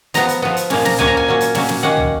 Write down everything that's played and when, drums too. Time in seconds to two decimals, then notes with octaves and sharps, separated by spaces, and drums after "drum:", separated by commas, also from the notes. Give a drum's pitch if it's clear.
0.14 F3 B3 A#5, drum: hi-hat
0.29 drum: hi-hat
0.42 F3 B3
0.57 drum: hi-hat
0.70 A#2 F3 A#3 C#4, drum: snare
0.85 A#5, drum: snare
0.98 A#2 F3 A#3 C#4 G#5, drum: tom
1.07 A#5
1.17 G#5
1.27 A#2 F#3 A#3 C#4
1.41 drum: hi-hat
1.55 A#2 F#3 A#3 C#4, drum: snare
1.69 drum: snare
1.83 D#3 A#3 C#4 F#5
1.97 drum: tom